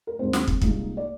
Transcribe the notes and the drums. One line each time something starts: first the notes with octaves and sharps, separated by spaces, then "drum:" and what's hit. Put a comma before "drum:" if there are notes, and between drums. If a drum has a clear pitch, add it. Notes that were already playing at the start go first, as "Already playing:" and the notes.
A#4
D#2 D#3 G#3 C4 C5
drum: snare
drum: kick
C2 A#2 G#3 D#4, drum: kick
D5